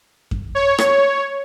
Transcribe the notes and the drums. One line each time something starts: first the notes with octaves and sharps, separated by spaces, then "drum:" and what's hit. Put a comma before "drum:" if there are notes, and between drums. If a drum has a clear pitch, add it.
drum: kick F#2
C#5
drum: rim click